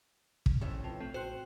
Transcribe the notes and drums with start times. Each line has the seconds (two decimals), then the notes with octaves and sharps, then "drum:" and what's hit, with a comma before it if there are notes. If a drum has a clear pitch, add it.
0.46 G1, drum: kick
0.61 F2 A2 C#4 C5 C#5 E5
0.84 C3 F4 B4 G5 A5
1.00 A3 C4 D#7 E7 F#7
1.14 A1 F#4 C5 G5 F#6